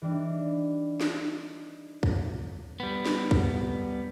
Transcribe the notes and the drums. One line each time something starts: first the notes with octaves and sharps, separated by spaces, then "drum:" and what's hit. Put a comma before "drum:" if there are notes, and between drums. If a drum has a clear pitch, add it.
E3 G3 D4 D#4
drum: snare
drum: kick
G3 B3
drum: snare
drum: kick